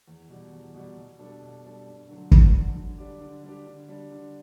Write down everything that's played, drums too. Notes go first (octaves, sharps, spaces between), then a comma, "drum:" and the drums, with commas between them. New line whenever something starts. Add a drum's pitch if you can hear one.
E2
B2 G3
E2
B2 G3
B2
G3 D4 A4
B2
G3 D4 A4
G2
D3 F#3 A3
G2, drum: kick
D3 F#3 A3
D3
G3 D4 G4
D3
G3 D4 G4
D3
G3 D4
D3